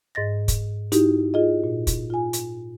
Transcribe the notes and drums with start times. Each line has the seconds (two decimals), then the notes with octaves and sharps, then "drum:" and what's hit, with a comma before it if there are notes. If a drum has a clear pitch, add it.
0.15 G#2 D#5 A6 A#6
0.48 drum: kick, hi-hat
0.92 D#4 E4 F#4 G4, drum: hi-hat
1.34 F4 G#4 D#5
1.64 A#2
1.87 drum: kick, hi-hat
2.10 F4 G#5
2.33 drum: hi-hat